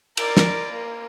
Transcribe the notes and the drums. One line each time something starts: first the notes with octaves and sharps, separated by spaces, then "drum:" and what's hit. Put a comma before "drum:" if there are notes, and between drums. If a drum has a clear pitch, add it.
A#4 D5, drum: cymbal
drum: snare
A#3